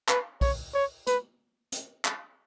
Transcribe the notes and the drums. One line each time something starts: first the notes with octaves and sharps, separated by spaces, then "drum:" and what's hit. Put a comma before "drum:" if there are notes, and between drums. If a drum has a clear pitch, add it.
B4, drum: clap
C#5, drum: kick B1, open hi-hat
C#5
B4, drum: hi-hat
drum: hi-hat
drum: clap